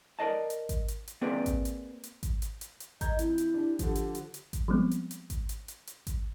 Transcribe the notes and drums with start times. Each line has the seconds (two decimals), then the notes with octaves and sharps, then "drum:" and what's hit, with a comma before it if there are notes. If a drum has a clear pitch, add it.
0.19 A#4 B4 D5 D#5 A5
0.50 drum: hi-hat
0.69 drum: kick G#1, hi-hat
0.88 drum: hi-hat
1.08 drum: hi-hat
1.21 A#3 C4 G#4 B4 D5
1.46 drum: kick G#1, hi-hat
1.65 drum: hi-hat
2.04 drum: hi-hat
2.23 drum: kick G#1, hi-hat
2.42 drum: hi-hat
2.61 drum: hi-hat
2.80 drum: hi-hat
3.01 D#5 A#5 G6 G#6, drum: kick G#1, hi-hat
3.19 F2 E4, drum: hi-hat
3.38 drum: hi-hat
3.54 D4 G4
3.79 D3 F3 G4, drum: kick G#1, hi-hat
3.95 drum: hi-hat
4.15 drum: hi-hat
4.34 drum: hi-hat
4.53 drum: kick G#1, hi-hat
4.68 F3 G3 G#3 B3 C4
4.91 drum: hi-hat
5.11 drum: hi-hat
5.30 drum: kick G#1, hi-hat
5.49 drum: hi-hat
5.68 drum: hi-hat
5.87 drum: hi-hat
6.07 drum: kick G#1, hi-hat